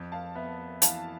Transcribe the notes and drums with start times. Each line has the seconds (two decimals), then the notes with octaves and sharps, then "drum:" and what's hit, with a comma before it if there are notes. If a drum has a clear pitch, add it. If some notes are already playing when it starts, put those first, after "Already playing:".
Already playing: F2
0.12 F5 A5
0.35 B3 E5
0.82 E3 F5 A5, drum: hi-hat